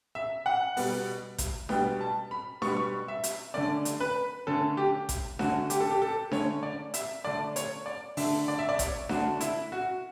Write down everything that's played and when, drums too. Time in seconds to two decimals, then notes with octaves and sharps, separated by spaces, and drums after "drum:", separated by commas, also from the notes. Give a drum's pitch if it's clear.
0.15 E5
0.46 F#5
0.77 B2 G3 B3, drum: open hi-hat
1.38 drum: kick A1, hi-hat
1.69 B2 G3 B3 G5, drum: snare D4
2.01 A5
2.31 B5
2.62 B2 G3 B3 C#6, drum: snare D4
2.69 B5
2.77 C#6
3.08 E5
3.24 drum: hi-hat
3.54 D3 A3 C#4 D5
3.85 drum: hi-hat
4.00 B4
4.47 D3 A3 C#4 A4
4.77 G4
5.09 drum: kick A1, hi-hat
5.39 D3 A3 C#4 F#4, drum: snare D4
5.70 G4, drum: hi-hat
5.80 A4
5.91 G4
6.02 A4
6.31 D3 A3 C#4 C#5, drum: snare D4
6.63 D5
6.94 E5, drum: hi-hat
7.25 D3 A3 D4 D5
7.56 C#5, drum: hi-hat
7.86 D5
8.17 D3 A3 D4 E5, drum: open hi-hat
8.48 D5
8.59 E5
8.69 D5
8.79 C#5, drum: kick A1, hi-hat
9.09 D3 A3 D4 F#4, drum: snare D4
9.41 E4, drum: hi-hat
9.72 F#4